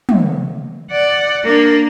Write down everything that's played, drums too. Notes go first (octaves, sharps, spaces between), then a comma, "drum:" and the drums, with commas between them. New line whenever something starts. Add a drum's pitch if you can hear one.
drum: tom
D5 F#5
A#3 D4